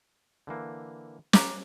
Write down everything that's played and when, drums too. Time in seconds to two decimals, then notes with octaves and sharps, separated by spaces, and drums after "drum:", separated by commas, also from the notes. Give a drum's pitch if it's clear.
0.47 D3 E3 A#3
1.33 A#5 D6, drum: snare